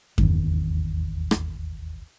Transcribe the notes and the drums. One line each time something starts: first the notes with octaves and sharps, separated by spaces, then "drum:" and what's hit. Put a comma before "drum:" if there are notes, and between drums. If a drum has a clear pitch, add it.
D#1 G#1 E2 D#3, drum: kick F#2
drum: rim click